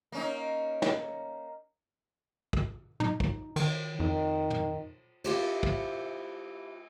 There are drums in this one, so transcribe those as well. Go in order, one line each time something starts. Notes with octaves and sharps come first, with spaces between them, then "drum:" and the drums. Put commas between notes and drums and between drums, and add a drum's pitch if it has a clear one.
A#3 C#4 D#4
drum: snare
drum: kick
D#4, drum: tom
drum: kick
D#3, drum: cymbal
F2 D#3
drum: tom
E4 F4 G4 C5, drum: cymbal
drum: kick